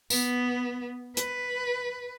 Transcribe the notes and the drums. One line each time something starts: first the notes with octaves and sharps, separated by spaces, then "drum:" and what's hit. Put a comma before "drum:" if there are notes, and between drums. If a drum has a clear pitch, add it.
B3, drum: tambourine
B4, drum: hi-hat